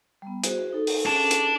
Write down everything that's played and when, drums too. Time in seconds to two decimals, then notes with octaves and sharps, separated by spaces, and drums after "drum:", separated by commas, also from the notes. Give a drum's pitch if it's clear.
0.22 G3 B3
0.44 F#4 G#4 C5, drum: hi-hat
0.73 D#4 A4
0.87 drum: open hi-hat
1.06 C#4 D4 G#4 A4 A5
1.31 drum: hi-hat